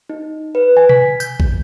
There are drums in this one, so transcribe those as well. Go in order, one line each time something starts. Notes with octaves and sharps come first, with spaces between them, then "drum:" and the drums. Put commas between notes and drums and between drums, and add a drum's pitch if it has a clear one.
D#4
B4
G#5
B6, drum: tom B2
G6, drum: tambourine
drum: kick A1